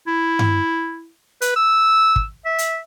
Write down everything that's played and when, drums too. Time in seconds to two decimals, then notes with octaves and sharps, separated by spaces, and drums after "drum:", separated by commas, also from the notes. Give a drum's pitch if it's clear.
0.07 E4
0.39 drum: tom G2
1.42 B4, drum: hi-hat
1.56 E6
2.16 drum: kick
2.45 E5
2.58 drum: hi-hat